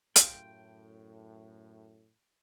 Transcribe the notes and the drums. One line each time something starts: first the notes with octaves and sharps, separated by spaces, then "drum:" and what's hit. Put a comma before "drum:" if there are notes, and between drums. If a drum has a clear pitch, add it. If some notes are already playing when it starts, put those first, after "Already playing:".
F#2 A2 G4 F5 G5 C6, drum: hi-hat